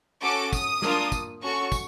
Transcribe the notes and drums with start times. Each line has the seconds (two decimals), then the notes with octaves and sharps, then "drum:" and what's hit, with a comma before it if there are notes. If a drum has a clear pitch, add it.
0.22 C#4 F#4 A4 D6
0.53 D#6, drum: kick, tambourine
0.82 A#3 D4 F4, drum: snare
1.12 drum: kick, tambourine
1.42 C#4 F#4 A4 C#6
1.72 drum: kick, tambourine